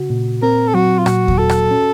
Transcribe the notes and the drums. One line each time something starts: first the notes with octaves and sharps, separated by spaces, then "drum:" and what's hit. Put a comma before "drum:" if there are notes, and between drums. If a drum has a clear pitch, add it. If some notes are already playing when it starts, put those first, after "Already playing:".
Already playing: C#3 F#4
A#2
C4 A#4
A4
F#3 F#4
F4
A#2 F#4, drum: rim click
drum: kick D#2
F#4 A4
drum: rim click
C#4